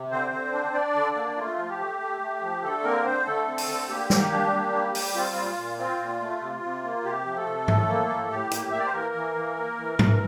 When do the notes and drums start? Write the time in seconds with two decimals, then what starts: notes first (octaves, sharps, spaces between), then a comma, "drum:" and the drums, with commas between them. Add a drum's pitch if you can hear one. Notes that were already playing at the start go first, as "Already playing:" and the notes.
Already playing: C3
0.10 D3 C4 C5
0.31 D3
0.53 D4
0.73 D4 D5
0.95 D3
1.16 A#3
1.37 A3 F4
1.58 F3
1.69 G4
1.80 A3
2.00 A3
2.21 A3
2.42 F3
2.62 D3 A3 A4
2.84 A#3 C4 A#4
3.05 D3 C4 C5
3.25 D3 A3 A4
3.47 C4
3.58 drum: open hi-hat
3.68 D3
3.89 A#3 G4
4.10 A#3, drum: snare
4.32 D4
4.52 A#3
4.73 G3
4.95 G3, drum: open hi-hat
5.15 C4 F4
5.36 A#2
5.57 A#2
5.78 C4 F4
6.00 A#2
6.20 A3
6.41 C3
6.62 C3
6.84 A#3
7.04 C3 G4
7.25 F3
7.36 A3 A4
7.46 C3
7.68 A2, drum: tom G#2
7.88 A#3
8.09 A2
8.30 A2 G4
8.51 A#3, drum: hi-hat
8.71 A#3 E5
8.79 D5
8.85 C5
8.93 E3 A#3 A#4
9.15 E3
9.36 E3
9.57 A#3
9.77 E3
9.99 E3, drum: tom G#2